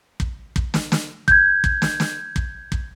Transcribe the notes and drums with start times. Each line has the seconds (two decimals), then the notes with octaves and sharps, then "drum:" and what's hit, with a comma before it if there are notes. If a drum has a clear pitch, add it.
0.20 drum: kick
0.56 drum: kick
0.74 drum: snare
0.92 drum: snare
1.28 G6 G#6, drum: kick
1.64 drum: kick
1.82 drum: snare
2.00 drum: snare
2.36 drum: kick
2.72 drum: kick